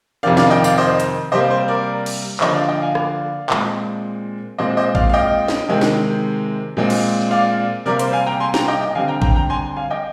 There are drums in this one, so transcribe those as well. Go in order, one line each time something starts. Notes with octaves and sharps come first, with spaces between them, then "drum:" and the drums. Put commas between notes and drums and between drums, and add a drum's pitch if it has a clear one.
F2 C3 D#3 D5 F5
D5 F5, drum: snare
D#5 G5
D5 F5, drum: tambourine
C5 D#5
drum: hi-hat
C3 G3 A#3 C5 D#5
C5
A#4 D5
drum: cymbal
D3 F3 A#3 C5 D#5, drum: clap
D5 F5
D#5 G5
F5 G#5
D5 F5, drum: rim click
A#2 G#3 C4, drum: clap
A#2 G#3 C4 C5 D#5
C5 D#5
D5 F5, drum: kick A1
F5
D#5 G5
drum: snare
C3 D#3 G#3 C4
drum: snare
A#2 G#3 C4
drum: cymbal
D5 F5
C3 G3 A#3 A#4 D5
C5, drum: hi-hat
F5 G#5
G5 A#5
G#5 C6
G5 A#5, drum: snare
D#5 G5
D#5 G5
D3 G3 C4 F5 G#5
G5 A#5
G5 A#5, drum: kick A1
G5 A#5
G#5 C6
F5 G#5
D#5 G5